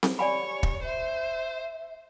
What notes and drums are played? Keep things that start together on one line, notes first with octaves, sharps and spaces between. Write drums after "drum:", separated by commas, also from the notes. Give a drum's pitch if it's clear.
drum: snare C4
G4 C#5 D5 G#5 B5
drum: kick
C5 E5